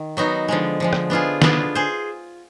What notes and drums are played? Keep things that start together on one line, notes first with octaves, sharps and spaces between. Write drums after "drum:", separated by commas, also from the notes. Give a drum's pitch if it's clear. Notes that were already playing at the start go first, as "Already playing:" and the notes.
Already playing: D#3
F#3 B3 D#4 F#4
D3 F3 G#3
D3 F3 G#3
drum: rim click
B3 D4 F4 G#4
B3 D4 F4 G#4, drum: snare
G#4 C5